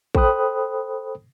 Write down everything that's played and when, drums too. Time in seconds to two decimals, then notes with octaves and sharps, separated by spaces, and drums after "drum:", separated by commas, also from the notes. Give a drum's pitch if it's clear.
0.15 A4 C5 G5 B5 D#6 F#6, drum: kick